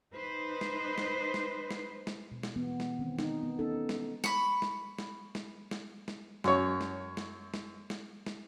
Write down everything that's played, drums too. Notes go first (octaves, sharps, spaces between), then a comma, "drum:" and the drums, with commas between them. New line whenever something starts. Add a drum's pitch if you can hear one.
D#4 B4 C5
drum: snare
drum: snare
drum: snare
drum: snare
drum: snare
B2
drum: snare
E3 B3
drum: snare
D#3 C4
D#4, drum: snare
B3
B3 C#4 D#4 A4
drum: snare
B5 C#6, drum: snare
drum: snare
drum: snare
drum: snare
drum: snare
drum: snare
F#2 C#5, drum: snare
drum: snare
drum: snare
drum: snare
drum: snare
drum: snare